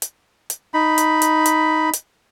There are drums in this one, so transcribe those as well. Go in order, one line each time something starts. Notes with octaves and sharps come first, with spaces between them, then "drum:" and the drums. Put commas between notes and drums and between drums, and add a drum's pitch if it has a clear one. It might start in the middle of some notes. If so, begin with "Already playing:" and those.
drum: hi-hat
drum: hi-hat
D#4 B5
drum: hi-hat
drum: hi-hat
drum: hi-hat
drum: hi-hat